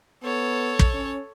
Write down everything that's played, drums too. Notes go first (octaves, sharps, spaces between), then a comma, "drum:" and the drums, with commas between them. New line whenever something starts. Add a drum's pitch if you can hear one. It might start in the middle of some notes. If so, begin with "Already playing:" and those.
B3 A4 C#5
drum: kick
C#4